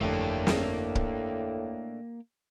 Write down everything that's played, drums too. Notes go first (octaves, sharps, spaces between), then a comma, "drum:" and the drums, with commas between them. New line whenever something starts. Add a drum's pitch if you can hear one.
G1 F2 A2 A3 A#3 D4 G4
drum: snare
drum: kick